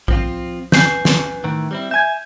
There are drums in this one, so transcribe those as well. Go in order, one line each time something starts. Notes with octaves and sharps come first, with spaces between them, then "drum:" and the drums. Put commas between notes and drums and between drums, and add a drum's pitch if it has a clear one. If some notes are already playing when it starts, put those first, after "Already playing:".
F3 C4 F4, drum: kick A#1
B4 G#5 G6 C7, drum: snare
drum: snare
A2 D#3 E3
G3 C4 E4
E5 G#5 G6 G#6